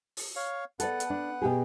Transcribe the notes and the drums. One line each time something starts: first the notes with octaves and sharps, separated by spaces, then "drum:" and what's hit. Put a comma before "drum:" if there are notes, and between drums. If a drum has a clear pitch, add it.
drum: open hi-hat
C#5 F5
B3 A4 D5 F#5, drum: hi-hat
drum: hi-hat
D4
B2 G4 G#4